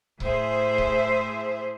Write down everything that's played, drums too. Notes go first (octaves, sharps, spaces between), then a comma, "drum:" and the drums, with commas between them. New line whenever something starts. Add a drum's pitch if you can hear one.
A2 G#4 C5 E5, drum: kick C#1
drum: kick C#1